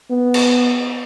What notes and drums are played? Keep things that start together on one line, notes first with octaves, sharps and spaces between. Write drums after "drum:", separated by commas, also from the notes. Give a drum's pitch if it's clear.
B3
drum: cymbal